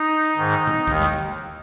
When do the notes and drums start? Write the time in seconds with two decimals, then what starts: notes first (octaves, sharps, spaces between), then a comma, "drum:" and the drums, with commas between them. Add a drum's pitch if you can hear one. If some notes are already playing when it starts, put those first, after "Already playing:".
Already playing: D#4
0.25 drum: hi-hat
0.37 G#2 D#3
0.67 drum: tom A#2
0.87 D#2 D#3, drum: kick
1.00 drum: snare